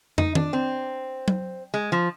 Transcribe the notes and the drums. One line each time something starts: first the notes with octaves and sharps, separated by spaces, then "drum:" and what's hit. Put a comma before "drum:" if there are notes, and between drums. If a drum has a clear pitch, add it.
D#4, drum: tom
D4, drum: tom D#3
C4
drum: tom F#3
G#3
F3